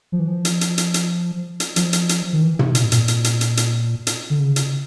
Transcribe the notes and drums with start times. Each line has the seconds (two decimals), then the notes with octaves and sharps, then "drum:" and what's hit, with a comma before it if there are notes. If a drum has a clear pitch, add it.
0.12 F3
0.19 E3
0.28 F3
0.45 drum: hi-hat
0.61 drum: hi-hat
0.78 drum: hi-hat
0.94 drum: hi-hat
1.60 drum: hi-hat
1.76 F3, drum: hi-hat
1.93 drum: hi-hat
2.09 drum: hi-hat
2.33 D#3
2.42 E3
2.59 C3, drum: tom
2.75 B2, drum: hi-hat
2.84 A2
2.92 A#2, drum: hi-hat
3.08 drum: hi-hat
3.24 drum: hi-hat
3.41 drum: hi-hat
3.57 drum: hi-hat
4.07 drum: hi-hat
4.30 D3
4.39 C#3
4.56 drum: hi-hat